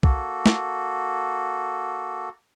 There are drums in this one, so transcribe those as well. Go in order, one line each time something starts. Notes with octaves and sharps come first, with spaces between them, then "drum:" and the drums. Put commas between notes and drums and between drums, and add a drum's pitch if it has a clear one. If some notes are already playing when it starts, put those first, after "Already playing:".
A#3 F#4 A4, drum: kick
drum: snare